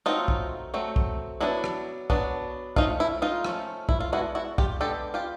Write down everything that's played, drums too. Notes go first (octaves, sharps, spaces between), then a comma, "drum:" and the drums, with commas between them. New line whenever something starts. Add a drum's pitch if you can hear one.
F#3 A3 C4 D#4 F4
drum: kick
F#3 A3 C4
drum: kick
F#3 B3 D4 E4
drum: rim click
F#3 B3 D4, drum: kick
F3 A3 C#4 D#4 F4, drum: kick
E4
D#4 F4
F3 A3 C#4, drum: rim click
E4, drum: kick
F4
G#3 B3 D4 E4 F#4
E4 F#4
F4 G4, drum: kick
G#3 B3 D4 G4 A4
F4 G4